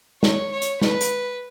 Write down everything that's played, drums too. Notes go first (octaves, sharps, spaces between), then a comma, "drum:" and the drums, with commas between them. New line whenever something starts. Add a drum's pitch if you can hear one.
C#5, drum: snare
C#5
drum: hi-hat
B4, drum: snare
drum: hi-hat